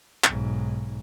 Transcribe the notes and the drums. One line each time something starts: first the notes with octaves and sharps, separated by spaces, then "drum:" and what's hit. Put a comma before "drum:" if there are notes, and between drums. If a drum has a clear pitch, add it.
B1 G#2, drum: clap